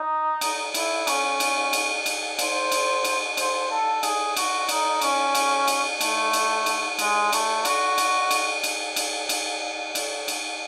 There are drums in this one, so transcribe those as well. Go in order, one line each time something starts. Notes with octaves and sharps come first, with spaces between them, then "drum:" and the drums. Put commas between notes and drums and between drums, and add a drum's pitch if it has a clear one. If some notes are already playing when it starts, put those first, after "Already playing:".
Already playing: D#4
drum: cymbal
E4, drum: cymbal
C#4, drum: cymbal
drum: cymbal
drum: cymbal
drum: cymbal
C5, drum: cymbal
drum: cymbal
drum: cymbal
C5, drum: cymbal
A4
G#4, drum: cymbal
F#4, drum: cymbal
D#4, drum: cymbal
C#4, drum: cymbal
drum: cymbal
drum: cymbal
A3, drum: cymbal
drum: cymbal
drum: cymbal
G#3, drum: cymbal
A3, drum: cymbal
F#4, drum: cymbal
drum: cymbal
drum: cymbal
drum: cymbal
drum: cymbal
drum: cymbal
drum: cymbal
drum: cymbal